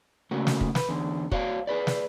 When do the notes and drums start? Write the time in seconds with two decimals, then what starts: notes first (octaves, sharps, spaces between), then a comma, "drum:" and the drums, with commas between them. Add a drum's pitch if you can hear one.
0.31 C#3 A3 A#3 F#4
0.47 drum: snare
0.61 drum: kick
0.75 B4, drum: snare
0.89 E2 D3
1.32 F#4 C#5 D5 F5, drum: kick
1.67 G#4 B4 D5
1.87 drum: snare